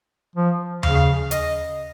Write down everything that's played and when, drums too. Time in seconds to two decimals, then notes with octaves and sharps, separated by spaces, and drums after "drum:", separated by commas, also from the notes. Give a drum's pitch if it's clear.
0.36 F3
0.83 C#3 F5, drum: tom D#2
1.31 D#5, drum: hi-hat